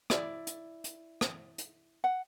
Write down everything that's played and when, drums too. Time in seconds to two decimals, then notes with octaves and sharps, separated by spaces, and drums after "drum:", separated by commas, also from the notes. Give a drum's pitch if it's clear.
0.10 E4 D5, drum: rim click
0.47 drum: hi-hat
0.84 drum: hi-hat
1.21 drum: rim click
1.58 drum: hi-hat
2.04 F#5